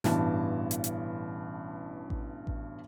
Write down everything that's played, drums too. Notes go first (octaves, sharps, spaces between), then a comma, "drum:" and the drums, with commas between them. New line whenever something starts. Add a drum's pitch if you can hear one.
A1 G2 B2 E3 A5, drum: snare
drum: hi-hat
drum: hi-hat
drum: kick A1
drum: kick A1